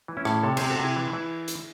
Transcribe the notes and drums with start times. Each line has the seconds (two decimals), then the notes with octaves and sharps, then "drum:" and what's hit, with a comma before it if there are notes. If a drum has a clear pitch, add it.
0.08 E3
0.17 C#4 E4
0.25 A2, drum: rim click
0.43 C3 A4 C#5
0.57 C3 G#4 C5, drum: cymbal
0.70 F#4 A4
0.79 C3 E4 G#4
0.96 E3
1.13 E3
1.48 drum: hi-hat